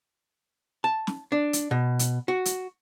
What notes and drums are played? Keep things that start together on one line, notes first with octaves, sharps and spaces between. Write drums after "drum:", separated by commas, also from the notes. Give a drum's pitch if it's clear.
A5
drum: snare
D4
drum: hi-hat
B2
drum: hi-hat
F#4
drum: hi-hat